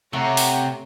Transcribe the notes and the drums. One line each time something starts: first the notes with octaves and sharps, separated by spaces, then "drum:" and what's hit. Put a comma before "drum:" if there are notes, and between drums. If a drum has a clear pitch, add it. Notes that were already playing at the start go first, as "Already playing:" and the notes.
C3 A3 C#5 F#5 A#5
drum: open hi-hat